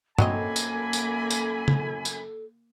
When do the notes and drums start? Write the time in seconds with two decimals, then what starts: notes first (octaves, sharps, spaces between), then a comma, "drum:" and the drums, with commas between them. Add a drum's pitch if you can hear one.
0.18 F#2 F#3 A#3 C4 A4 D#5 G#5 B5, drum: tom G2
0.56 drum: tambourine
0.93 drum: tambourine
1.30 drum: tambourine
1.68 drum: tom C#3
2.05 drum: tambourine